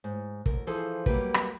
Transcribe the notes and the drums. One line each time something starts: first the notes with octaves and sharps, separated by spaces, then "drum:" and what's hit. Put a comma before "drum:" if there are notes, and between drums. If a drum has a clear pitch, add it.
G#2
D2 G#2 A#4, drum: kick
E3 F3 G#4 A4 C5
F#3 G3 A#3 G4 B4, drum: kick
drum: rim click